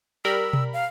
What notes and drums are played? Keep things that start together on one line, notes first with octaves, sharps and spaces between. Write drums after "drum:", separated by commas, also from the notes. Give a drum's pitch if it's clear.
G3 A#4 B5 E6
drum: tom B2
F5